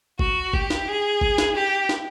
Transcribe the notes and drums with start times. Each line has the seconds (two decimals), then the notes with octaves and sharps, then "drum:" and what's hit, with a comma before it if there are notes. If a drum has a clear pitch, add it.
0.19 F#4, drum: kick
0.53 G4, drum: kick
0.70 drum: snare
0.87 G#4
1.21 drum: kick
1.38 drum: snare
1.55 G4
1.89 drum: snare